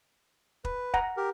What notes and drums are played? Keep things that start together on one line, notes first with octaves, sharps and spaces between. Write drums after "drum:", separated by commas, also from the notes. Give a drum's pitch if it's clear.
B4, drum: kick
F#5 A#5, drum: kick
G4 A#4